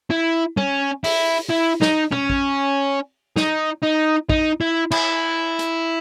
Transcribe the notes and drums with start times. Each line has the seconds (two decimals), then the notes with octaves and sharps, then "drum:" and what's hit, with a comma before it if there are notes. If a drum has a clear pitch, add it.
0.10 E4
0.57 C#4, drum: tom
1.04 E4, drum: open hi-hat
1.50 E4
1.82 D#4, drum: snare
2.12 C#4, drum: tom
2.30 drum: kick
3.36 D#4, drum: snare
3.83 D#4
4.30 D#4, drum: kick
4.61 E4
4.92 E4, drum: cymbal
5.59 drum: hi-hat